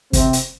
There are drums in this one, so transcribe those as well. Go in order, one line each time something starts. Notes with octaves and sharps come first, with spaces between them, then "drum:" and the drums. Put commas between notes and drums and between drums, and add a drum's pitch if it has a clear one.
C3 C4, drum: kick, hi-hat
drum: hi-hat